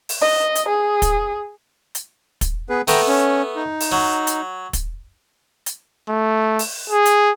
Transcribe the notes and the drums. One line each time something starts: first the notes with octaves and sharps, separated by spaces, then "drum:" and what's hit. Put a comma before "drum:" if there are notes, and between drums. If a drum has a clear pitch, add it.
drum: open hi-hat
D#5
drum: hi-hat
G#4
drum: kick, hi-hat
drum: hi-hat
drum: kick, hi-hat
B3 G#4 B4
A3 B3 G5 A#5, drum: open hi-hat
C#4
D#4
drum: open hi-hat
F#3
drum: hi-hat
drum: kick, hi-hat
drum: hi-hat
A3
drum: open hi-hat
G#4
drum: hi-hat